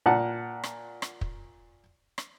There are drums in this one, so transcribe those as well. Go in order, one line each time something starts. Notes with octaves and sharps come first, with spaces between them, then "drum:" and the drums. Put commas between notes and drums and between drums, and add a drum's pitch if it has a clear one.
A#2 F#5 A5
drum: rim click
drum: rim click
drum: kick
drum: rim click